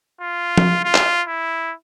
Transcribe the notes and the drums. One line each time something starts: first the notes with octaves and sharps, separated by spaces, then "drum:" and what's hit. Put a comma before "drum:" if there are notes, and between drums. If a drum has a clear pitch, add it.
F4
drum: tom F3
F4
drum: clap
E4